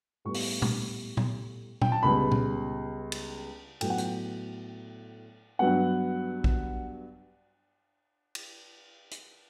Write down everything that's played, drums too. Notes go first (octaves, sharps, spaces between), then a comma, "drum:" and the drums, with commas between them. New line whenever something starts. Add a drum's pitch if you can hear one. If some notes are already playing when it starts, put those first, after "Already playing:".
A2 G3 B3 C#6
drum: open hi-hat
drum: tom A#2
drum: tom A#2
G5, drum: tom A#2
A5
C#2 C#3 G3 B3 B5
drum: tom A#2
drum: cymbal
A2 F#3 B3 G5, drum: cymbal
F#5
G5, drum: hi-hat
G2 F#3 B3 F#5
drum: kick A#1
drum: cymbal
drum: hi-hat